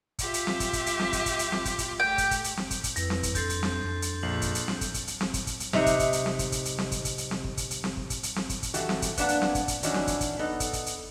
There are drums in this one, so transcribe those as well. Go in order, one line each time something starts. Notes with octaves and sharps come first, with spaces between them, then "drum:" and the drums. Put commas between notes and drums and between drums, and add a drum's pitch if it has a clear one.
F4 G4 E5, drum: kick, hi-hat
drum: hi-hat
drum: snare C4
drum: kick, hi-hat
drum: kick, hi-hat
drum: hi-hat
drum: snare C4
drum: kick, hi-hat
drum: kick, hi-hat
drum: hi-hat
drum: snare C4
drum: kick, hi-hat
drum: kick, hi-hat
A3 G4 G5
drum: kick, hi-hat
drum: kick, hi-hat
drum: hi-hat
drum: snare C4
drum: kick, hi-hat
drum: kick, hi-hat
F2 E4 B4 E6 A#6, drum: hi-hat
drum: snare C4
drum: kick, hi-hat
D4 A4 C6 G6 A6 C7, drum: kick, hi-hat
drum: hi-hat
drum: snare C4
F2
drum: hi-hat
A#1 C7 F#7
drum: kick, hi-hat
drum: hi-hat
drum: snare C4
drum: kick, hi-hat
drum: kick, hi-hat
drum: hi-hat
drum: snare C4
drum: kick, hi-hat
drum: kick, hi-hat
drum: hi-hat
C3 D#4 E5 F#5, drum: snare C4
drum: kick, hi-hat
drum: kick, hi-hat
drum: hi-hat
drum: snare C4
drum: kick, hi-hat
drum: kick, hi-hat
drum: hi-hat
drum: snare C4
drum: kick, hi-hat
drum: kick, hi-hat
drum: hi-hat
drum: snare C4
drum: kick
drum: kick, hi-hat
drum: hi-hat
drum: snare C4
drum: kick
drum: kick, hi-hat
drum: hi-hat
drum: snare C4
drum: kick, hi-hat
drum: kick, hi-hat
D#3 E3 F#4 G4 A4, drum: hi-hat
drum: snare C4
drum: kick, hi-hat
A#3 B3 D4 F#5 A5, drum: kick, hi-hat
drum: hi-hat
drum: snare C4
drum: kick, hi-hat
drum: kick, hi-hat
D#3 E3 C#4 D4 F#4, drum: hi-hat
drum: snare C4
drum: kick, hi-hat
drum: kick, hi-hat
B3 D#4 A4
drum: kick, hi-hat
drum: kick, hi-hat
drum: hi-hat